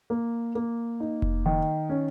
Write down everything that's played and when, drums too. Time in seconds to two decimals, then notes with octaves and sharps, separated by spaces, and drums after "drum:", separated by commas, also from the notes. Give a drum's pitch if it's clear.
0.10 A#3
0.55 A#3
1.00 D#4
1.22 drum: kick F1
1.46 D#3
1.89 C#4